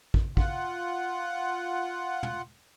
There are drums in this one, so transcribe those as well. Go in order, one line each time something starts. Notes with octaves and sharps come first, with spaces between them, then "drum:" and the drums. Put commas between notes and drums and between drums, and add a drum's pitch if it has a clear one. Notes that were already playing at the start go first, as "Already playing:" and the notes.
drum: kick
F4 F#5, drum: kick
drum: tom